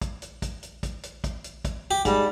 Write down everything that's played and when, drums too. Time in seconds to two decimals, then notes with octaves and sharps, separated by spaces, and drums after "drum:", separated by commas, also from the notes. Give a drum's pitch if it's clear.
0.01 drum: kick, hi-hat
0.22 drum: hi-hat
0.42 drum: kick, hi-hat
0.63 drum: hi-hat
0.83 drum: kick, hi-hat
1.03 drum: hi-hat
1.24 drum: kick, hi-hat
1.44 drum: hi-hat
1.65 drum: kick, hi-hat
1.91 G4
2.05 G#2 G3, drum: kick, hi-hat